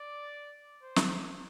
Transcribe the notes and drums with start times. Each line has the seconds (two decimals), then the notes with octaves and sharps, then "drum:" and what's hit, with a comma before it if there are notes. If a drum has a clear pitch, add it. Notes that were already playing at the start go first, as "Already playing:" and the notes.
Already playing: D5
0.83 C5
0.96 drum: snare